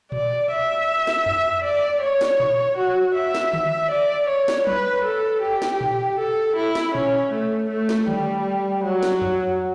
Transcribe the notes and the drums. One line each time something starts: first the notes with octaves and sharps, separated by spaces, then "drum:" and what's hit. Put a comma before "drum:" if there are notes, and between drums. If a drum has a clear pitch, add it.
D5, drum: tom A#2
E5
drum: snare
drum: tom E2
D5
C#5
drum: snare
drum: tom A#2
F#4
E5
drum: snare
drum: tom D3
D5
C#5
drum: snare
B4, drum: tom
A4
G4
drum: snare
drum: tom A#2
A4
E4
drum: snare
C#4, drum: tom A#2
A3
A3
drum: snare
G3, drum: tom D3
F#3
drum: snare
drum: tom E2